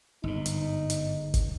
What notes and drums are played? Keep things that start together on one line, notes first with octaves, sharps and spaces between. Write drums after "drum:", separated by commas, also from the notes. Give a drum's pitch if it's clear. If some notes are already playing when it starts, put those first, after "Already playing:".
G1 G#2 D#4
drum: hi-hat
drum: hi-hat
drum: kick G1, hi-hat